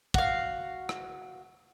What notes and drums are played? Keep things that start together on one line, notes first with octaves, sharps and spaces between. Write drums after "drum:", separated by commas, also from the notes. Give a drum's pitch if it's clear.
F#4 F5, drum: kick
drum: rim click